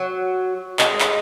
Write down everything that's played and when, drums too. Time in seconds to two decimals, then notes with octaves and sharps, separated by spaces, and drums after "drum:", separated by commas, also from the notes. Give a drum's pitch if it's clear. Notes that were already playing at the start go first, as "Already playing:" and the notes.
Already playing: F#3
0.79 G#3, drum: clap
1.00 drum: clap